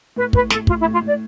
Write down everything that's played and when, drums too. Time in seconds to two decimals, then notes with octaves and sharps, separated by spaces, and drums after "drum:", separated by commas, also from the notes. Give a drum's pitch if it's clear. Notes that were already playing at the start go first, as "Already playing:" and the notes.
0.16 A2 B4
0.33 A2 B4, drum: kick
0.50 A2 A4, drum: snare
0.67 A2 F4, drum: kick
0.80 E4
0.85 A2
0.93 F4
1.02 A2 D5